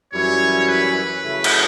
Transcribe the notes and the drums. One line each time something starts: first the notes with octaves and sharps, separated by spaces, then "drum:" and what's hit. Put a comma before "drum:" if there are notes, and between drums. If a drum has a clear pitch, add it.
F#2 E3 G3 C#4 E4 C#5
B4
C#3 F#3 A3 E4
drum: cymbal